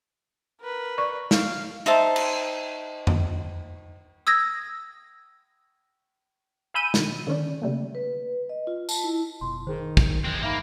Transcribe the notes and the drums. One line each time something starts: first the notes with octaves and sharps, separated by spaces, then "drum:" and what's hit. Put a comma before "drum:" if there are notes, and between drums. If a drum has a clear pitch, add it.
A#4 B4
D5 C#6
F5, drum: snare
D#4 C5 E5 A5
drum: cymbal
drum: tom F2
D#6 E6 G#6 A#6
F5 G#5 B5 E6 G6 D#7
B2 D#3, drum: snare
D3 D#3 C#4 D4
C#3 G3 A3 A#3
B4
D#5
F4
A5, drum: tambourine
E4
F#1 B2 C6
D#3 G#4 C5
drum: kick
F2 E3 G#3 C4
G#2 A#3 E5 F5 B5